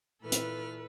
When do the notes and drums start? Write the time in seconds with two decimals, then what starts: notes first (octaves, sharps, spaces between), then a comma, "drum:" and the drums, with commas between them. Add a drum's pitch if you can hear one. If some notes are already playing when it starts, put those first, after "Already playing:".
0.22 A#2 E3 A4 B4 F6
0.32 drum: hi-hat